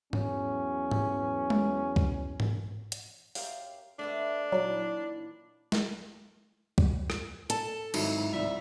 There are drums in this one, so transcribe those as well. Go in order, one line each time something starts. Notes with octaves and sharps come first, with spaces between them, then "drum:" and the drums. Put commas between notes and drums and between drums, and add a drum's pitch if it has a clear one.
E2 F#3 C#4, drum: tom G#2
drum: tom G#2
drum: tom G#3
drum: kick C#2
drum: tom G#2
drum: hi-hat
F#2 G4 F5, drum: open hi-hat
A3 B3 D4 B4
A#2 D#3 E3 F#3
drum: snare
drum: kick C#2
drum: rim click
A4 A5, drum: hi-hat
G#1 G#2 F#3 D#4 E4, drum: cymbal
C2 F3 D5 E5